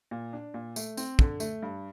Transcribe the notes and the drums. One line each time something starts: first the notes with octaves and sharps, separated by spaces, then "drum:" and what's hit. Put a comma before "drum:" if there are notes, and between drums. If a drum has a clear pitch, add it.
A#2
D4
A#2
A3, drum: tambourine
C4, drum: tambourine
D3, drum: kick
A3, drum: tambourine
G2